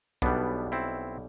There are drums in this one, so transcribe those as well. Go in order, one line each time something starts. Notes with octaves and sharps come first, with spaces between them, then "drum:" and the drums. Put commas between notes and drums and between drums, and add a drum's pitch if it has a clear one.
B1 B2 G3 B3 D4, drum: kick B1
C4 E4